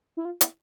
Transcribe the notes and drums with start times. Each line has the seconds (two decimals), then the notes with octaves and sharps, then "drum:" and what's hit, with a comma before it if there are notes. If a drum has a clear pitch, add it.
0.17 E4
0.25 F4
0.41 E4, drum: hi-hat